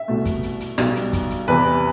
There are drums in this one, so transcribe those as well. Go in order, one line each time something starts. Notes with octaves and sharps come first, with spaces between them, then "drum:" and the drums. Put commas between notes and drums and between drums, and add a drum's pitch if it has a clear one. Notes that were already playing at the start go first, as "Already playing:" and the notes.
Already playing: E5
C2 B2 A3
drum: kick, hi-hat
drum: hi-hat
drum: hi-hat
B1 B2 G3, drum: rim click
drum: hi-hat
drum: kick, hi-hat
drum: hi-hat
E2 C3 E3 B4